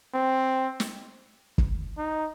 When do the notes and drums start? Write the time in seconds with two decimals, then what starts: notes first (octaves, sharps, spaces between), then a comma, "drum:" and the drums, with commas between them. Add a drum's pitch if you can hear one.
0.14 C4
0.80 drum: snare
1.58 drum: kick
1.98 D#4